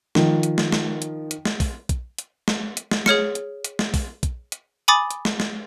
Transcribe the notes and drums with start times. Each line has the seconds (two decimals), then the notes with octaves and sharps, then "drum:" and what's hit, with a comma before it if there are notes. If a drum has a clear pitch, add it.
0.15 D#3 F3, drum: snare
0.43 drum: hi-hat
0.58 drum: snare
0.72 drum: snare
1.02 drum: hi-hat
1.31 drum: hi-hat
1.45 drum: snare
1.60 drum: kick, open hi-hat
1.89 drum: kick, hi-hat
2.18 drum: hi-hat
2.48 drum: snare
2.77 drum: hi-hat
2.91 drum: snare
3.06 G#4 C#5 F6 C#7, drum: snare
3.35 drum: hi-hat
3.65 drum: hi-hat
3.79 drum: snare
3.94 drum: kick, open hi-hat
4.23 drum: kick, hi-hat
4.52 drum: hi-hat
4.88 G#5 B5 D6 D#6 A6
5.11 drum: hi-hat
5.25 drum: snare
5.40 drum: snare